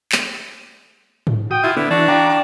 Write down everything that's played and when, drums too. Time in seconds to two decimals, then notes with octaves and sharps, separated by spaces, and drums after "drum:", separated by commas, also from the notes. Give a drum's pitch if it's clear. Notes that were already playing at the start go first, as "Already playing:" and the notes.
0.12 drum: clap
1.27 drum: tom G#2
1.51 F#4 G5 D#6
1.63 E4 F4
1.77 D3 B3 E4
1.91 E3 D4 F#4 D5
2.08 D5 F5 G5 A#5 D6
2.29 D4